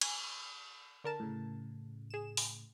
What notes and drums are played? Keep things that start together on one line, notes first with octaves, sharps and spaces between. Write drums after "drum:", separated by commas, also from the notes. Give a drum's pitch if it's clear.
G#5, drum: cymbal
D3 A#4 A5
A2 C#3
G#4 E7
drum: open hi-hat